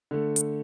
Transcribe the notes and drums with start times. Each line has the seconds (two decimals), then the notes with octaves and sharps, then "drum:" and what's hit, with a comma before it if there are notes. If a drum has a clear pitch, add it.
0.11 D3 A3
0.36 drum: hi-hat